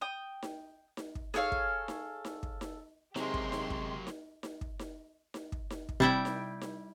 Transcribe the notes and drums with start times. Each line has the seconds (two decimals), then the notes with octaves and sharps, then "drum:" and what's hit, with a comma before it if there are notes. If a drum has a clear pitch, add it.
0.01 G5 D#6
0.43 drum: snare D#4
0.97 drum: snare D#4
1.15 drum: kick
1.34 G#4 A4 C#5 F5, drum: snare D#4
1.52 drum: kick
1.88 drum: snare D#4
2.25 drum: snare D#4
2.43 drum: kick
2.61 drum: snare D#4
3.16 C3 F#3 G#3 A#3 G4 C6, drum: snare D#4
3.34 drum: kick
3.52 drum: snare D#4
3.70 drum: kick
4.07 drum: snare D#4
4.43 drum: snare D#4
4.61 drum: kick
4.79 drum: snare D#4
5.34 drum: snare D#4
5.52 drum: kick
5.70 drum: snare D#4
5.89 drum: kick
6.00 C3 G3 E4 G5
6.25 drum: snare D#4
6.61 drum: snare D#4